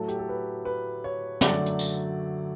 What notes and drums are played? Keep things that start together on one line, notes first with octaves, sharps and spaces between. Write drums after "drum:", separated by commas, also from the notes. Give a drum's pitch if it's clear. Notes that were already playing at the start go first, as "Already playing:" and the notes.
Already playing: A2 F#3 A3 A4
G4, drum: hi-hat
A4
B4
B4
C#5
F#2 D3 F#3 A3 D5, drum: snare
drum: hi-hat
drum: tambourine